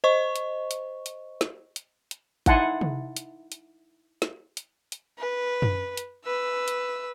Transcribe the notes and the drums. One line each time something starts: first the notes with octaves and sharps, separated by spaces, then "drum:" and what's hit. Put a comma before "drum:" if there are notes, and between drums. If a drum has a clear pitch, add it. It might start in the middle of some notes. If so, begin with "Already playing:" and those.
C5 D#5 C#6
drum: hi-hat
drum: hi-hat
drum: hi-hat
drum: snare
drum: hi-hat
drum: hi-hat
D#4 E4 F#5 G#5 A5 C6, drum: kick G#1, hi-hat
drum: tom C3
drum: hi-hat
drum: hi-hat
drum: snare
drum: hi-hat
drum: hi-hat
B4
drum: tom F#2
drum: hi-hat
B4 E6
drum: hi-hat